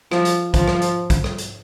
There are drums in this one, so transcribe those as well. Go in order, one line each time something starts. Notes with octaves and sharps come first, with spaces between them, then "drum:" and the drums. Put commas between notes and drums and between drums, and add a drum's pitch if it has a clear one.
F3, drum: rim click
drum: hi-hat
F3, drum: kick, hi-hat
drum: rim click
drum: hi-hat
drum: kick, hi-hat
drum: rim click
drum: hi-hat